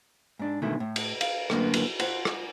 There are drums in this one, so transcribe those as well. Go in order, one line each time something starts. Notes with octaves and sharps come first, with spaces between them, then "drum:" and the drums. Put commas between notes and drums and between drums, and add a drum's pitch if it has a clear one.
G#2 D4
G#2 B2 D3 D#3 A3 E4
A2
drum: cymbal
F5, drum: cymbal
F#2 A2 D3 A#3 B3, drum: rim click
drum: cymbal
F4 C5 F#5, drum: cymbal
drum: rim click